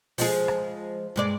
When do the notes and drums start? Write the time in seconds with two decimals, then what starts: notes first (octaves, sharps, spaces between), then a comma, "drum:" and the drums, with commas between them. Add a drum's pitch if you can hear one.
0.18 F3 G#3 G#4, drum: open hi-hat
0.48 drum: rim click
1.16 G2 G#3 D5